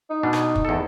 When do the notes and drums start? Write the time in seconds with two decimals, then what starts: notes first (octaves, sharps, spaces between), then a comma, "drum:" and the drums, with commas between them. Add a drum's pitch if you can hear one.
0.10 D#4
0.23 B2 D4
0.33 drum: rim click
0.55 drum: kick
0.65 E2 A4